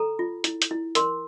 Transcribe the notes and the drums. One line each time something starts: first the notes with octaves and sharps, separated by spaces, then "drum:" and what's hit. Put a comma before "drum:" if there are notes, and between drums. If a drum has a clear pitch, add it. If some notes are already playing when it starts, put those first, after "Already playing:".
Already playing: A4 A#5
F4
E4, drum: hi-hat
drum: hi-hat
E4
A#4 C6, drum: hi-hat